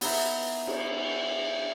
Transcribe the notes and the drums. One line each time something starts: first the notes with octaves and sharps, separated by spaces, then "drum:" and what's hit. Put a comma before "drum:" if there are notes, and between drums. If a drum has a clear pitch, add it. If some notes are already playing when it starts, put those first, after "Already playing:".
B3 D#4 E4, drum: open hi-hat
drum: cymbal